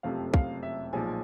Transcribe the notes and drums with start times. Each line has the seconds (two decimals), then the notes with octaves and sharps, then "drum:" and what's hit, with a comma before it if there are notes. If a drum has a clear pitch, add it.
0.03 F#1 F2 C3 F3 A3 F5
0.34 F5, drum: kick
0.63 E5
0.93 B1 A#2 F3 G#3 G#5